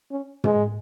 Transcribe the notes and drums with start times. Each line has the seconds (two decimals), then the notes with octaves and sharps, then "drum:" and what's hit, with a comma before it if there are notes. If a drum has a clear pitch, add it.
0.11 C#4
0.44 G#3, drum: tom